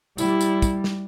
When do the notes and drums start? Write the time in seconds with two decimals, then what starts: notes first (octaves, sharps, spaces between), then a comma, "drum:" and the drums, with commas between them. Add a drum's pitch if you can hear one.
0.18 G3 E4, drum: tambourine
0.41 drum: tambourine
0.62 drum: kick, tambourine
0.84 drum: snare